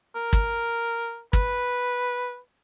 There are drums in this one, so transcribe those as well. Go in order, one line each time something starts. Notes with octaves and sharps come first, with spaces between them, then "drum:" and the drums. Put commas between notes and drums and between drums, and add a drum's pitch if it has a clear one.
A#4
drum: kick
B4, drum: kick